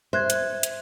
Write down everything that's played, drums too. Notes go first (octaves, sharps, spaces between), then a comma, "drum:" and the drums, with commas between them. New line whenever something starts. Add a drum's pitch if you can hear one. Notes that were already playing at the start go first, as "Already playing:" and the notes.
C5 E5 F#6 G#6
drum: hi-hat
drum: hi-hat